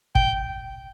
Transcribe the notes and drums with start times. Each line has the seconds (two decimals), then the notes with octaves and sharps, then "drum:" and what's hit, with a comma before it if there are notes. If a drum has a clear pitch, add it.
0.15 G5, drum: kick